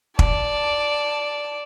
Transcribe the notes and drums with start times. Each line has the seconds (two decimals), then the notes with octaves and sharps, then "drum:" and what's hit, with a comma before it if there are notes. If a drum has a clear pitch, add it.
0.19 D5 A5, drum: kick